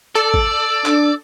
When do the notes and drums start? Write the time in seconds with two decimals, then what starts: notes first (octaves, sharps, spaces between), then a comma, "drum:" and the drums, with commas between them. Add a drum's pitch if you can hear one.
0.15 A4 D5 E6
0.34 drum: kick
0.86 D4, drum: clap